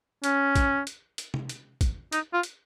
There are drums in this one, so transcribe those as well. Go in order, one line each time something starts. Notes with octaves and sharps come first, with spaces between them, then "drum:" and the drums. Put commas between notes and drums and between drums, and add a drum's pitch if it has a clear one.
C#4, drum: hi-hat
drum: kick, hi-hat
drum: hi-hat
drum: hi-hat
drum: tom C3
drum: hi-hat
drum: kick, hi-hat
D#4, drum: hi-hat
F4
drum: hi-hat